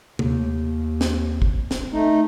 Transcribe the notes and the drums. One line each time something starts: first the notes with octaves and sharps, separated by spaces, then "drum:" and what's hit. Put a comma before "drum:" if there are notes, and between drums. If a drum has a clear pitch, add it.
D#2, drum: tom
drum: snare
drum: kick
drum: snare
A3 D#4